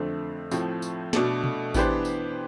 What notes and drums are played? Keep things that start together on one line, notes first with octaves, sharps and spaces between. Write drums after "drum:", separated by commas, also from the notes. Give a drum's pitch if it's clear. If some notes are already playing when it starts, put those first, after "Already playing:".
Already playing: F2 D3 A3 C4
A2 F3 A3 C4, drum: tambourine
drum: tambourine
B2 A3 D4 A4, drum: snare
drum: tom B2
E3 B3 D4 G4 C5, drum: kick A1, tambourine
drum: tambourine